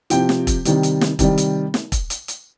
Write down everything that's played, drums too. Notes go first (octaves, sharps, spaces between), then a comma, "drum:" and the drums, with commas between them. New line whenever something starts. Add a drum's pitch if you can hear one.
C3 F3 G5, drum: hi-hat
drum: snare
drum: kick E1, hi-hat
C3 D#3 G3, drum: hi-hat
drum: hi-hat
drum: snare
C3 D#3 G3, drum: kick E1, hi-hat
drum: hi-hat
drum: snare
drum: kick E1, hi-hat
drum: hi-hat
drum: hi-hat